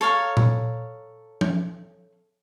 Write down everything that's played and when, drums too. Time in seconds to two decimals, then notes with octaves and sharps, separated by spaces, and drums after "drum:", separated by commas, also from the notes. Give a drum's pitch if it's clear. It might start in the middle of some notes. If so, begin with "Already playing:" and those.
0.01 A4 C#5 F5 A#5
0.37 drum: tom A#2
1.41 drum: tom F3